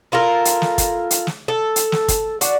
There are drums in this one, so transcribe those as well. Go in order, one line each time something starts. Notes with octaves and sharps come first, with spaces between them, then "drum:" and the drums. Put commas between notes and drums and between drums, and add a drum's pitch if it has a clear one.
E4 F4 A4 A#4
drum: hi-hat
drum: snare
drum: kick, hi-hat
drum: hi-hat
drum: snare
A4
drum: hi-hat
drum: snare
drum: kick, hi-hat
D4 F#4, drum: hi-hat